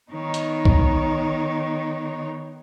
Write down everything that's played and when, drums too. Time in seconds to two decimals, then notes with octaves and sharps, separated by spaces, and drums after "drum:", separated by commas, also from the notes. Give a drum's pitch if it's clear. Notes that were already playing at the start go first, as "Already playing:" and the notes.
0.11 D#3 B3 D#4 C#5
0.34 drum: hi-hat
0.65 drum: kick B1